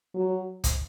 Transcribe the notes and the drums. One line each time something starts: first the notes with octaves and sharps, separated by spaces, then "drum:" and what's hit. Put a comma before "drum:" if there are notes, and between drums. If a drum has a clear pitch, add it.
F#3
drum: kick, hi-hat